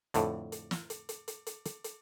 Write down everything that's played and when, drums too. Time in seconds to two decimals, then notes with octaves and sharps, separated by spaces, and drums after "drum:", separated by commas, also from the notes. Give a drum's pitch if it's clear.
0.14 F2 A2 D3, drum: hi-hat
0.52 drum: hi-hat
0.71 drum: snare
0.90 drum: hi-hat
1.09 drum: hi-hat
1.28 drum: hi-hat
1.46 drum: hi-hat
1.65 drum: hi-hat
1.84 drum: hi-hat